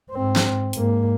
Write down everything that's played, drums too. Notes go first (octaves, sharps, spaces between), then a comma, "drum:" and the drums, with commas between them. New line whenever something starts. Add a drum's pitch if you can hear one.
G#2 C4
drum: snare
G#2 A#3, drum: hi-hat